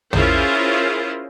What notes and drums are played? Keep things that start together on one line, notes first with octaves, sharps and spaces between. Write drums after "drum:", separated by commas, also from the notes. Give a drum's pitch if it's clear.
C#4 E4 F4 G#4 A#4 C5, drum: tom